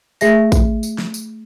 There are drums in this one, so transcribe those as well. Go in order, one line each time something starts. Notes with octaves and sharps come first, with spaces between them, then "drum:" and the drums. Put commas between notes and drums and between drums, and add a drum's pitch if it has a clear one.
A3 G#4 E5 A#6, drum: tambourine
drum: kick A1, tambourine
drum: tambourine
drum: snare
drum: tambourine